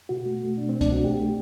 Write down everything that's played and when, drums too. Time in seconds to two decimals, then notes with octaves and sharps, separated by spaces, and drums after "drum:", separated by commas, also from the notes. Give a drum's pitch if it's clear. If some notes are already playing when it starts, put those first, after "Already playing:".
0.09 B2 F#4
0.25 A3
0.41 A3
0.57 B2 D4
0.69 B2 C4
0.81 D4, drum: kick C2, hi-hat
0.88 B2 F#4
1.04 A3 G4
1.20 A3